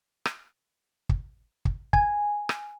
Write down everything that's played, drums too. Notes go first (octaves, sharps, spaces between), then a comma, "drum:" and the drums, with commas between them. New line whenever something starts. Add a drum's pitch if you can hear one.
drum: rim click
drum: kick
drum: kick
G#5, drum: kick
drum: rim click